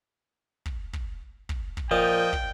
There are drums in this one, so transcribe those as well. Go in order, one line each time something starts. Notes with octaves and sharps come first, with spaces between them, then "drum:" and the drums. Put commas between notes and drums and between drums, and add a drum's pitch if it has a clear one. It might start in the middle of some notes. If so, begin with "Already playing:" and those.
drum: kick
drum: kick
drum: kick
drum: kick
A#2 F3 D#5 G5
drum: kick